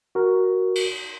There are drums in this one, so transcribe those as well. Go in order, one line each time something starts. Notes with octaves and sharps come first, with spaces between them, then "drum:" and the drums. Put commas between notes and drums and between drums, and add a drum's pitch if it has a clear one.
F#4 A#4
drum: cymbal